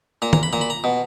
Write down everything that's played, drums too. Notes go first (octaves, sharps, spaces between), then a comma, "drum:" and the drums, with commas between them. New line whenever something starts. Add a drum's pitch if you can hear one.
A#2 A#5
A#5, drum: tom
B5
A#2 A#5
B5
A#5
B2